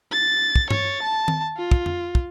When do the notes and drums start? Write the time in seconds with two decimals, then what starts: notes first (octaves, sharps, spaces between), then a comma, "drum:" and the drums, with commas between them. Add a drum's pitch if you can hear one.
0.12 A6
0.56 drum: kick
0.71 C#5 A6, drum: tom G2
1.03 A5
1.28 drum: tom D#3
1.57 F4
1.71 drum: kick
1.86 drum: tom F2
2.15 drum: kick